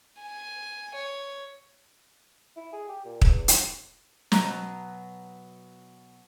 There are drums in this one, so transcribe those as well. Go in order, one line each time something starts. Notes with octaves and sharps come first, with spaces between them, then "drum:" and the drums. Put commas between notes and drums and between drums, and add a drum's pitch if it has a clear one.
G#5
C#5
E4
G#4
G4
A#2
E2, drum: kick
drum: hi-hat
B2 F#3 A#5, drum: snare